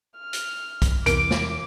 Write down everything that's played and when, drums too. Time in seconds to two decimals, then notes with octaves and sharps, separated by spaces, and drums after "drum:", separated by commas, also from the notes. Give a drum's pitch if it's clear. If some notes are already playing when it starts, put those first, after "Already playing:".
0.20 F6
0.33 drum: hi-hat
0.82 drum: kick B1, hi-hat
1.06 E2 C3 E3 A#4 D6 D7, drum: hi-hat
1.31 drum: snare